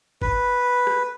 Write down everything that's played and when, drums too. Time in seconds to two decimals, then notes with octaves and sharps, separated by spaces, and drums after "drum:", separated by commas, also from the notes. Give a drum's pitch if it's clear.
0.22 B4, drum: kick F#1
0.87 drum: rim click